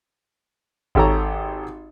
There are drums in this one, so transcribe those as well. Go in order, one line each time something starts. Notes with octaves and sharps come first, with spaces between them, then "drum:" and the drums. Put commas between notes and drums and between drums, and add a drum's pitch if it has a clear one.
G#1 G4 A4 C#5 A#5, drum: kick G#1